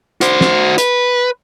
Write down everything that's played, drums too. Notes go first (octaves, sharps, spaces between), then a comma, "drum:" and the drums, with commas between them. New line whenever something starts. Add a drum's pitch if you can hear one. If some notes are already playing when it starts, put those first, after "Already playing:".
F#4 C5, drum: hi-hat
drum: snare
B4, drum: hi-hat